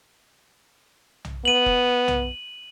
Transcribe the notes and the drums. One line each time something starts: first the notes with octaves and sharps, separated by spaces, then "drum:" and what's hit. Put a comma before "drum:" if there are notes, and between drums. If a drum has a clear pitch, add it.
drum: tom B1
B3 D#7 F#7
drum: kick F1
drum: tom B1